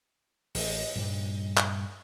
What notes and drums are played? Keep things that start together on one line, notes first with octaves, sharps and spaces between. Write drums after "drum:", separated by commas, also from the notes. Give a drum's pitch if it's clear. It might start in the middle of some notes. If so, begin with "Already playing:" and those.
A1, drum: open hi-hat
G2 A#2 G3
drum: clap